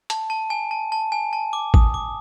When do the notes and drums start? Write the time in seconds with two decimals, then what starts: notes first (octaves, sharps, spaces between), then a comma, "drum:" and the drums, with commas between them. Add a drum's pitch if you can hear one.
0.10 A5, drum: hi-hat
0.30 A5
0.50 G#5
0.71 A5
0.92 A5
1.12 G#5
1.33 A5
1.53 D6
1.74 D#6, drum: kick G#1
1.94 D6